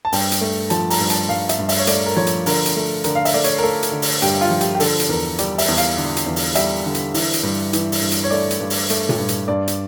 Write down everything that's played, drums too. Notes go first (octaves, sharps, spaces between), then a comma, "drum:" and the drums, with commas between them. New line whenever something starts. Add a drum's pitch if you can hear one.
A5
G2 G5, drum: open hi-hat
drum: hi-hat
A3
F3 A5, drum: hi-hat
A#5, drum: open hi-hat
G2
A5, drum: hi-hat
G2 F5
E5, drum: hi-hat
G2
E5, drum: open hi-hat
C#5
A3 D5, drum: hi-hat
A#4
F3 C#5
drum: hi-hat
D3 A#4, drum: open hi-hat
drum: hi-hat
A3
D3 A#4, drum: hi-hat
F5
E5, drum: open hi-hat
A3 D5
C#5, drum: hi-hat
A#4
A3 A4
drum: hi-hat
D3
drum: open hi-hat
G2 G4, drum: hi-hat
F4
F3
G4, drum: hi-hat
G4
D3 A4, drum: open hi-hat
drum: hi-hat
E2 A#4
G3 D5, drum: hi-hat
E5, drum: open hi-hat
E2
F5, drum: hi-hat
D3
drum: hi-hat
E2
drum: open hi-hat
G3 E5, drum: hi-hat
D3
drum: hi-hat
E3, drum: open hi-hat
drum: hi-hat
G2
E3, drum: hi-hat
drum: open hi-hat
G2
drum: hi-hat
C#5
A3 D5
drum: hi-hat
G2
drum: open hi-hat
A3, drum: hi-hat
drum: tom A#2
G2
drum: hi-hat
G2 D5
drum: hi-hat